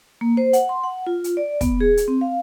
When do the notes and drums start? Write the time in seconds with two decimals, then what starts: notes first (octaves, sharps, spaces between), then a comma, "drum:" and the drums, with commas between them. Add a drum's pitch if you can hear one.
0.21 A#3
0.37 C5
0.53 F#5, drum: hi-hat
0.69 C6
0.83 F#5
1.07 F4
1.24 drum: hi-hat
1.37 D5
1.61 B3, drum: kick, hi-hat
1.80 G#4
1.97 drum: hi-hat
2.08 C4
2.21 F5